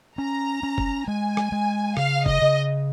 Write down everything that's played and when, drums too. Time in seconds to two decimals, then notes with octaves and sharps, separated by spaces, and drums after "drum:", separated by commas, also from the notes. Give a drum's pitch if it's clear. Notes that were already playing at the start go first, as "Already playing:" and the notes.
0.18 C#4 A#5
0.63 C#4
0.78 drum: kick
1.08 G#3 G#5
1.37 drum: rim click
1.52 G#3
1.97 C#3 F5, drum: rim click
2.26 D#5, drum: kick
2.42 C#3